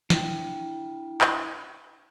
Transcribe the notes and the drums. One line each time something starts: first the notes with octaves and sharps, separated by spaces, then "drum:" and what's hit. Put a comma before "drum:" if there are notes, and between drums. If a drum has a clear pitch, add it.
D4 E4 G5, drum: snare
drum: clap